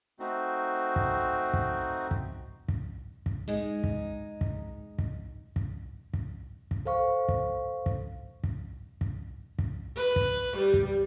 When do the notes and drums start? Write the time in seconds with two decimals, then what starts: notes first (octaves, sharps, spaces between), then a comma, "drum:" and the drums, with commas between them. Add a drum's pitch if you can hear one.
0.20 A3 C4 D#4 F#4
0.96 drum: kick
1.54 drum: kick
2.11 drum: kick
2.69 drum: kick
3.26 drum: kick
3.48 G#3 D#4
3.84 drum: kick
4.41 drum: kick
4.99 drum: kick
5.56 drum: kick
6.14 drum: kick
6.71 drum: kick
6.85 A4 C5 F5 C#6
7.29 drum: kick
7.86 drum: kick
8.44 drum: kick
9.01 drum: kick
9.59 drum: kick
9.96 B4
10.16 drum: kick
10.57 G3
10.74 drum: kick